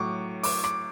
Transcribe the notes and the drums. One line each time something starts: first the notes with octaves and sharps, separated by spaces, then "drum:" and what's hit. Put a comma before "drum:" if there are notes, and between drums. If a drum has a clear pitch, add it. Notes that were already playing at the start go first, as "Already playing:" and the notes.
Already playing: A2 F#3 C#6 D6
D6, drum: open hi-hat
D6, drum: rim click